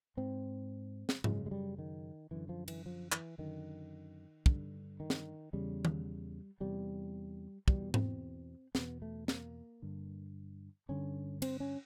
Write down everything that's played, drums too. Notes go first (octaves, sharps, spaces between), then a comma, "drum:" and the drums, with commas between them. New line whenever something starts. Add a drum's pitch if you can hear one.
G#2 C4
drum: snare
F#2 C#3 G#3, drum: tom G#2
G#3
G3
D#3
F#2 D3 E3
F3
E3, drum: cymbal
F3
E3, drum: clap
F#2 D3 D#3
G2 D3, drum: kick
D#3
drum: snare
E2 C#3 G3
drum: tom D#3
E2 C3 G3
E2 B2 G3, drum: kick
C4, drum: tom G#2
E2 B2 B3, drum: snare
A3
A#3, drum: snare
G2 D3
G2 D3 C#4
C4, drum: cymbal
C#4